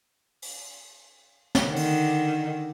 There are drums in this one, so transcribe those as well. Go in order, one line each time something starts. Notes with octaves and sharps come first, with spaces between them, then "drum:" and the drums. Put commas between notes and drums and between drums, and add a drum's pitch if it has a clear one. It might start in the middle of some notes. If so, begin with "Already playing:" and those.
drum: open hi-hat
drum: snare
D3 D#3
drum: open hi-hat